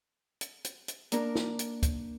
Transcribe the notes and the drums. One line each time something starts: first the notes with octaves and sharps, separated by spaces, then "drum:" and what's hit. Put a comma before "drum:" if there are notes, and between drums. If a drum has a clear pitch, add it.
drum: hi-hat
drum: hi-hat
drum: hi-hat
A#3 D4 A#4, drum: hi-hat
drum: snare
drum: hi-hat
drum: kick, hi-hat